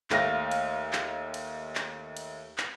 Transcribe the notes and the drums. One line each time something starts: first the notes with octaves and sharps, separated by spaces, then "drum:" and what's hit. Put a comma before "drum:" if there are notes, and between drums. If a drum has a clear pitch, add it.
D#2 A3 F5 A#6, drum: clap
drum: cymbal
drum: clap
drum: cymbal
drum: clap
drum: cymbal
drum: clap